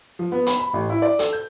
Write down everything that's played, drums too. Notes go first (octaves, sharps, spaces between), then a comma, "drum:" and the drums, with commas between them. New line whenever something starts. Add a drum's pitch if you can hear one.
F3
B3
B5, drum: hi-hat
B5
A1
E4
D5
A4, drum: hi-hat
G6